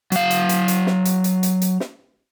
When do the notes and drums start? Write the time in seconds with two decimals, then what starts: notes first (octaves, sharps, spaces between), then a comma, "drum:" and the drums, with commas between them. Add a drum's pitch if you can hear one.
0.12 F#3 F5, drum: hi-hat
0.31 drum: hi-hat
0.49 drum: hi-hat
0.68 drum: hi-hat
0.87 drum: snare
1.05 drum: hi-hat
1.24 drum: hi-hat
1.43 drum: hi-hat
1.62 drum: hi-hat
1.80 drum: snare